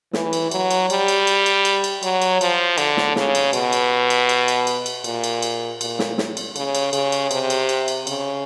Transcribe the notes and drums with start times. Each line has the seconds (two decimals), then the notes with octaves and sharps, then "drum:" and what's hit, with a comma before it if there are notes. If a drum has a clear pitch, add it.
0.13 E3, drum: snare
0.33 drum: cymbal
0.51 F#3, drum: cymbal
0.71 drum: cymbal
0.90 G3, drum: cymbal
1.08 drum: cymbal
1.27 drum: cymbal
1.46 drum: cymbal
1.65 drum: cymbal
1.84 drum: cymbal
2.03 F#3, drum: cymbal
2.22 drum: cymbal
2.41 F3, drum: cymbal
2.78 D3, drum: cymbal
2.97 drum: snare
3.16 C#3, drum: snare
3.35 drum: cymbal
3.53 B2, drum: cymbal
3.73 drum: cymbal
4.10 drum: cymbal
4.29 drum: cymbal
4.48 drum: cymbal
4.67 drum: cymbal
4.86 drum: cymbal
5.04 A#2, drum: cymbal
5.24 drum: cymbal
5.42 drum: cymbal
5.81 A#2, drum: cymbal
5.99 drum: snare
6.18 drum: snare
6.37 drum: cymbal
6.56 C#3, drum: cymbal
6.75 drum: cymbal
6.93 C#3, drum: cymbal
7.12 drum: cymbal
7.31 C3, drum: cymbal
7.50 drum: cymbal
7.69 drum: cymbal
7.88 drum: cymbal
8.07 C#3, drum: cymbal